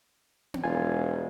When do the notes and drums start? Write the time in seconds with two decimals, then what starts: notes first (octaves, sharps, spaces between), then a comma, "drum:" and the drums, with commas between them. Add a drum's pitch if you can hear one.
0.54 drum: tom B3
0.64 E1 F4 G#5